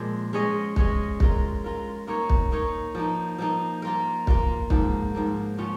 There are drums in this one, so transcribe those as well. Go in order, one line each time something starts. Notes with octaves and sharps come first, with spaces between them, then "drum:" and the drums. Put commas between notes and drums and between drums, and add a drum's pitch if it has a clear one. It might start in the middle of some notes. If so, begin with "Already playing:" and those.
Already playing: A#2 F3 G#3
G#3 C#4 G#4 D#5
G#3 C#4 G#4 D#5, drum: kick
G#3 F4 A#4, drum: kick
G#3 F4 A#4
A#3 D#4 A#4 C#5
drum: kick
A#3 D#4 A#4 C#5
F3 A#3 D#4
F3 A#3 D#4
A#3 F4 A#4
A#3 F4 A#4, drum: kick
G#2 F3 A#3, drum: kick
G#2 F3 A#3
C#3 F3 C#4 F4